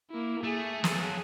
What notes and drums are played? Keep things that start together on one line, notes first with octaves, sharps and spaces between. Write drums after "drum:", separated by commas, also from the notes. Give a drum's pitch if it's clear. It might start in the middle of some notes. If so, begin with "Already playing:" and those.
A#3 E4
A3 G#4
F#3 A4, drum: snare